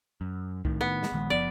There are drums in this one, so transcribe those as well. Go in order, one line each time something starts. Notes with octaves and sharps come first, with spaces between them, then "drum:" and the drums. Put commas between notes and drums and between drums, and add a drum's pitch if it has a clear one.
F#2
A2 D#3, drum: kick C2
B3
drum: snare
A#1 D#3 G#3
F#1 F3 B3 D5